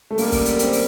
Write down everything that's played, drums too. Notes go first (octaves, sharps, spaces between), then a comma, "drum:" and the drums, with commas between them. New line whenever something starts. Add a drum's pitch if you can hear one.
A3
F#2 D3 G3 A#3, drum: open hi-hat
drum: kick, open hi-hat
drum: hi-hat
C4, drum: hi-hat
drum: open hi-hat